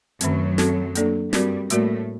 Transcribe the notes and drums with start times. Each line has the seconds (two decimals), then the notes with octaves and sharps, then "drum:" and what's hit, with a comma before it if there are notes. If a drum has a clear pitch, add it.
0.21 F#2 D#3 F#3 A3 C4, drum: hi-hat
0.58 C4 F#4 A4, drum: snare
0.95 A#3 D4 A4 D5, drum: hi-hat
1.33 G2 G3 C4 F#4 A#4 D5, drum: snare
1.70 A2 G3 A3 A#3 F#4 A#4 D5, drum: hi-hat